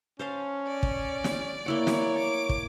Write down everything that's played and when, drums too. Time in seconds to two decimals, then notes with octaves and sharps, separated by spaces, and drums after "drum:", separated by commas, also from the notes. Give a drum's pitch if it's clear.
0.19 C#4 C5 F5 A5
0.68 D5
0.83 drum: kick
1.24 drum: snare
1.66 A#3 E4 C#5 F#5
1.87 drum: snare
2.18 D6
2.49 drum: kick